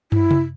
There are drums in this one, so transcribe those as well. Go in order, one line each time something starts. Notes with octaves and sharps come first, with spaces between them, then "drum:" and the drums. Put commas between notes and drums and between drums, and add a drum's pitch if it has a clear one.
E4, drum: tom
drum: tom C3